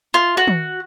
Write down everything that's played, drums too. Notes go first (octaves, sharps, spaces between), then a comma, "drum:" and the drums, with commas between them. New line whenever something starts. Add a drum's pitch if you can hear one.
F4
F#4
drum: tom